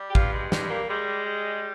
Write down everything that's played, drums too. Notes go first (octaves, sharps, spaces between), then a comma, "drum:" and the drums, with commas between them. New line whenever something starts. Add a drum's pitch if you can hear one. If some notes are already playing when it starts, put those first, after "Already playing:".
Already playing: G3
G4
G2 F4, drum: kick
G#3
G3 G#3, drum: snare
A#3
G3 G#3
G3